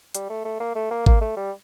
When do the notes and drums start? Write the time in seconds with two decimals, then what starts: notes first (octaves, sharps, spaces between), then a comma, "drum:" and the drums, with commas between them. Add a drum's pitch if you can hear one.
0.15 G3, drum: hi-hat
0.29 A3
0.45 A3
0.60 A#3
0.75 A3
0.91 A#3
1.06 A#3, drum: kick G#1
1.21 A3
1.37 G3